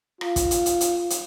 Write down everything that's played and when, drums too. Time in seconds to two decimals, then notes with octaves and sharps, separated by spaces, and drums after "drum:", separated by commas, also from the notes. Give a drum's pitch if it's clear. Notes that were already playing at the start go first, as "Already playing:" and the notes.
0.21 F4, drum: rim click
0.36 drum: kick, hi-hat
0.51 drum: hi-hat
0.66 drum: hi-hat
0.81 drum: hi-hat
1.10 drum: hi-hat